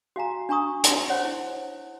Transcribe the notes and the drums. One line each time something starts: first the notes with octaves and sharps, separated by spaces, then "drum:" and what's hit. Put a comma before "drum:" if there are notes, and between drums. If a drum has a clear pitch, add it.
F#4 F5 G#5 A#5
D4 G#5 A#5 C#6 D#6
D4 C6, drum: hi-hat
C5 C#5 F#5 B5 C6
E4